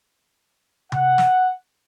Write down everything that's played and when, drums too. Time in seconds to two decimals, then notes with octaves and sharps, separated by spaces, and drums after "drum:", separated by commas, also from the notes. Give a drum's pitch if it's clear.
0.92 F#5, drum: tom C3
1.18 drum: snare